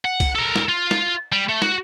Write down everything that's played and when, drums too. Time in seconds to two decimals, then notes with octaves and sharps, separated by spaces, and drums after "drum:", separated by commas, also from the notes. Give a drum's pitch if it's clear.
0.05 F#5
0.20 drum: kick C2, cymbal
0.35 A4 A#4
0.56 drum: snare
0.69 F4
0.91 drum: snare
1.32 G3
1.49 A3
1.62 F#4, drum: snare